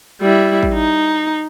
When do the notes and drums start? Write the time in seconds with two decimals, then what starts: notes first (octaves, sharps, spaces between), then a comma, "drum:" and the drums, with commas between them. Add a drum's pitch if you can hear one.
0.22 G3 E4
0.63 drum: kick
0.74 D#4